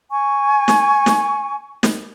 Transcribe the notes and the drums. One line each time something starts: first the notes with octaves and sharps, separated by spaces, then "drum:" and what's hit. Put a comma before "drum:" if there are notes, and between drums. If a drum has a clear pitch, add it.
G#5 C#6
drum: snare
drum: snare
drum: snare